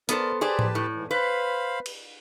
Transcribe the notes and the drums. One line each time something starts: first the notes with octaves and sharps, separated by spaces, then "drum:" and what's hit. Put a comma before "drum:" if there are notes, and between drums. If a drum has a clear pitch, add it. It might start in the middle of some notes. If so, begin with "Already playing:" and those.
B3 A4 A#4 C5 D5, drum: hi-hat
G4 G#4 B4 C5 D5 A5
drum: tom A2
A2
G#2 E3
B4 C5 F5 B5
drum: cymbal